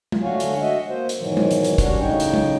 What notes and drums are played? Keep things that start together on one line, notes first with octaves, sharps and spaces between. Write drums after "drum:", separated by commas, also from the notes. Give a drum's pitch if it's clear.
drum: tom G#3
D3 A3 F#4 C#5 F5 G#5
drum: hi-hat
F#4 D#5 E5
A#3 C5
drum: hi-hat
G#2 B2 D#3 E3 F#3
drum: tom G#3
drum: hi-hat
drum: hi-hat
G3 C#4 D4 F#4 C#5, drum: kick, hi-hat
A2 C#3 D#4 C#5 G5
drum: hi-hat
drum: tom G#3